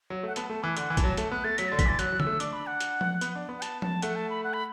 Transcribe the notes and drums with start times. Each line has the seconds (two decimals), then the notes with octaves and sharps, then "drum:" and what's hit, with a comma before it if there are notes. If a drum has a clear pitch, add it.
0.10 F#3
0.23 A3 F#5
0.36 B3 A5, drum: hi-hat
0.50 A3 A5
0.63 E3 F#6
0.77 D3 F#5, drum: hi-hat
0.90 E3
0.97 A5, drum: kick, hi-hat
1.04 F#3
1.17 A3 A5, drum: hi-hat
1.31 B3 F#6
1.44 A3 A6
1.58 F#3 B6, drum: hi-hat
1.68 D3 A6
1.79 B6, drum: kick, hi-hat
1.85 E3 A6
1.99 F#3 F#6, drum: hi-hat
2.12 F#3
2.20 E6, drum: tom D3
2.27 A3
2.40 D4 D6, drum: hi-hat
2.53 B5
2.67 F#5
2.80 drum: hi-hat
3.01 drum: tom F3
3.21 B3, drum: hi-hat
3.35 D4
3.49 B3
3.58 F#5
3.62 A5, drum: hi-hat
3.82 A5, drum: tom F3
4.02 A3 F#5, drum: hi-hat
4.16 A5
4.30 B5
4.44 F#5
4.54 B5